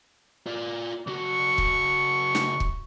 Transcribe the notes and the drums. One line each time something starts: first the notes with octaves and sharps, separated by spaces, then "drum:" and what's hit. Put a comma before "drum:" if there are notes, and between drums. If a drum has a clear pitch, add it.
F4 D5
C#3 F#4 C#6
drum: kick C#1
drum: snare
drum: kick C#1